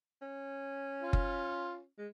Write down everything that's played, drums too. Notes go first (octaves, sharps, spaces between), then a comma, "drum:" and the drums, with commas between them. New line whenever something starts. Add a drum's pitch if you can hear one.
C#4
F4
drum: kick F#1
G#3